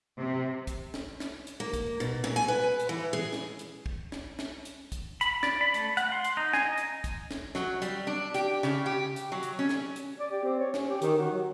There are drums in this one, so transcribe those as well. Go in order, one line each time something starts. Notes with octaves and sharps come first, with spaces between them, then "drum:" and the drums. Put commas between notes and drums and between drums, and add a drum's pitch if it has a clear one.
C3
drum: kick, hi-hat
drum: snare
drum: snare
drum: hi-hat
A#3
drum: kick, hi-hat
B2, drum: hi-hat
A#2, drum: snare
G#5
B4
drum: hi-hat
E3
G#4
drum: snare
drum: hi-hat
drum: kick
drum: snare
drum: snare
drum: hi-hat
drum: kick, hi-hat
B5, drum: hi-hat
D5, drum: snare
B5
A3, drum: hi-hat
F#5, drum: hi-hat
C6
drum: hi-hat
D#4
G#5, drum: snare
D#5
drum: hi-hat
drum: kick, hi-hat
drum: snare
F#3, drum: snare
G3, drum: hi-hat
D4
G4, drum: hi-hat
C#3, drum: snare
G4
drum: hi-hat
F#3
drum: hi-hat
C#4
drum: snare
drum: hi-hat
D5
G4
C4
C#5
C#4, drum: snare
G4
D#3, drum: hi-hat
F#4
F#3